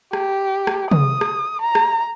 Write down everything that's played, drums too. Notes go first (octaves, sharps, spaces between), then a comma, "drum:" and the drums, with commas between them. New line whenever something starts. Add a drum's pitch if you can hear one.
G4, drum: rim click
drum: rim click
D#6, drum: tom
drum: rim click
A#5
drum: rim click